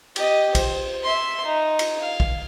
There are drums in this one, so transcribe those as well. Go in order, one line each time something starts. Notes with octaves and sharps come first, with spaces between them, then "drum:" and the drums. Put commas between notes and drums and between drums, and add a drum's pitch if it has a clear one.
G4 D#5, drum: cymbal
C5, drum: kick, cymbal
E5 C6
D#4
drum: cymbal
F5
drum: kick